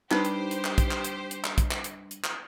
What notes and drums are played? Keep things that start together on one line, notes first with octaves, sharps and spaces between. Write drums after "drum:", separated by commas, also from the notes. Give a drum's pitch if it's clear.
G3 D4 D#4 G4 B4 C5, drum: clap
drum: hi-hat
drum: hi-hat
drum: clap
drum: kick, hi-hat
drum: clap
drum: hi-hat
drum: hi-hat
drum: clap
drum: kick, hi-hat
drum: clap
drum: hi-hat
drum: hi-hat
drum: clap